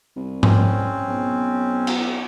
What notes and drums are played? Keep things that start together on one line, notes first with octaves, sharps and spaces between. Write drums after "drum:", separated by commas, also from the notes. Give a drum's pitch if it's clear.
C2
C4 C#4, drum: tom G#2
B1
drum: cymbal